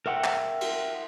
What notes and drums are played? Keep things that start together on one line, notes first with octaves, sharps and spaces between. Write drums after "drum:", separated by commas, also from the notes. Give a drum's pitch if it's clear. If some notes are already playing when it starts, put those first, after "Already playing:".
A#4 E5 F#5 G5
drum: clap
drum: cymbal